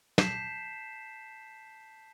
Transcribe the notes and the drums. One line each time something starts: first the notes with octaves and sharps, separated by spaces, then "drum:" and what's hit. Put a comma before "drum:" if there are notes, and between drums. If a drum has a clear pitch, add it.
A5 G6 B6 C7 E7, drum: snare